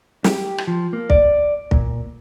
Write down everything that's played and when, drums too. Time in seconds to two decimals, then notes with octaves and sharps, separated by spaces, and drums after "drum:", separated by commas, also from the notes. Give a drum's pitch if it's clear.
0.24 G4, drum: snare
0.58 drum: rim click
0.67 F3
0.93 A#3
1.10 D5, drum: kick
1.71 A#2, drum: kick